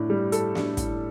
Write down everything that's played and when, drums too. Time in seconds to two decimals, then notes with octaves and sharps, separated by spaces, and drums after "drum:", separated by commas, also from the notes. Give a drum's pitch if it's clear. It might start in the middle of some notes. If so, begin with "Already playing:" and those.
Already playing: A2 D4
0.10 G3
0.32 A4, drum: hi-hat
0.55 D4, drum: snare
0.77 A2, drum: kick, hi-hat